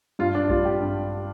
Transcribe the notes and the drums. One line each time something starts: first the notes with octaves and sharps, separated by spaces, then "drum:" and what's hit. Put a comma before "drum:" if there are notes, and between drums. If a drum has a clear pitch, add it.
G2 F4
D4
G3 F4, drum: kick A#1
G4
G2